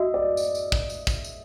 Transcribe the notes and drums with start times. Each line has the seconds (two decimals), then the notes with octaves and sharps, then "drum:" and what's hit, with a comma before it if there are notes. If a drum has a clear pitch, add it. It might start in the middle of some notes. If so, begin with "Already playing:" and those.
Already playing: F#4 D#5 E5
0.14 D5
0.37 drum: tambourine
0.55 drum: tambourine
0.72 drum: kick
0.90 drum: tambourine
1.07 drum: kick, tambourine
1.24 drum: tambourine